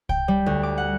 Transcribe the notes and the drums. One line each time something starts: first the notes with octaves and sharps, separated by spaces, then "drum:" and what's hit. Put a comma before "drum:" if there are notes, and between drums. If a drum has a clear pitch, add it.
G5, drum: kick C2
G3
D2
D6
F#5